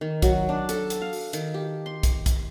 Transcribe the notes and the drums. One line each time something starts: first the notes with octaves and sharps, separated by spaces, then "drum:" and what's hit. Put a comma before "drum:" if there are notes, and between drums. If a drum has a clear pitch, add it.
D#3
F#3, drum: kick, hi-hat
D4
A4, drum: hi-hat
drum: hi-hat
F5
drum: open hi-hat
D#3, drum: hi-hat
G4
C6
drum: kick, hi-hat
drum: kick, hi-hat